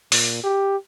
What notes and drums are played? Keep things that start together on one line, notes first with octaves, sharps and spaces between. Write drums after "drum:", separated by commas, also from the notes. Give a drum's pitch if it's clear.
A#2, drum: open hi-hat
G4